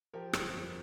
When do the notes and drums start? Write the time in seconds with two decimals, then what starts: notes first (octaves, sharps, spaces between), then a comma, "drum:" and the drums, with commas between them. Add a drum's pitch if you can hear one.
0.13 F3 G4 A#4
0.33 G1, drum: rim click
0.54 F2